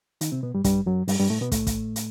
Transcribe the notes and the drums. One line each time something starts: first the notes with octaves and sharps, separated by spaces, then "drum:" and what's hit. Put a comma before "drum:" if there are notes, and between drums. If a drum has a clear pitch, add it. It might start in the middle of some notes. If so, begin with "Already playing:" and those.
D#3 D#4, drum: hi-hat
C3 C4
B2 B3
G2 G3
G2 G3, drum: kick, hi-hat
F#2 F#3
G2 G3, drum: open hi-hat
G2 G3
A2 A3
B2 B3
A2 A3, drum: kick, hi-hat
drum: kick, hi-hat
drum: hi-hat